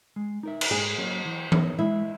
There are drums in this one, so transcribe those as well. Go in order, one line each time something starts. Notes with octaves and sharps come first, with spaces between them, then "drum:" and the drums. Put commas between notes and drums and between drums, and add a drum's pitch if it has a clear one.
G#3
D#4 A#4 E5
drum: cymbal
G#2 G#4
F#3 A#3 C#4
E3
B3 D#4 A#4 C#5, drum: tom E3
G#3 E4